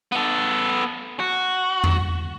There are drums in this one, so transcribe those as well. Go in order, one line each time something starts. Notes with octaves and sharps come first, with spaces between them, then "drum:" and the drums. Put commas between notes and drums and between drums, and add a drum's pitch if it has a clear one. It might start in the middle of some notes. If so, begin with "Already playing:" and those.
B3 A4
F#4
drum: tom E2